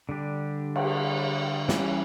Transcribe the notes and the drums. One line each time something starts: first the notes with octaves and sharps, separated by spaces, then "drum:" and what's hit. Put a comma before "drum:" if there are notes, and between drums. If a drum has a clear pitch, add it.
D3 G3 D4 G4
drum: cymbal
E3 G3 C#4, drum: snare